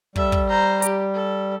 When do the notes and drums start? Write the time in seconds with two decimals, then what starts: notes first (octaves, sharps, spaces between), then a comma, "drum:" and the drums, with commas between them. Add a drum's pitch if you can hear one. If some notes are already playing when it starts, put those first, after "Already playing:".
0.16 G3 A4 E5, drum: kick
0.32 drum: kick
0.49 C5 A#5
0.82 G4, drum: hi-hat
1.14 A4